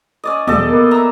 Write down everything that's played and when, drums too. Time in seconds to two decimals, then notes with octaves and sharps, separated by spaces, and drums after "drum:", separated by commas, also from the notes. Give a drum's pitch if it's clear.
0.24 C#4 D5 D#5
0.47 E1 A4 D5 D#5, drum: tom
0.69 A#3 B3
0.91 E5 A#5